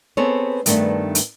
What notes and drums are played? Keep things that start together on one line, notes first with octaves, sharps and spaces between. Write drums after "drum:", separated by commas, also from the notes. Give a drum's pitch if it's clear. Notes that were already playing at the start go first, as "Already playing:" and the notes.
B3 C4 G#4 A4 B4 C#5
G2 D#3 A3 B3 D4, drum: hi-hat
drum: hi-hat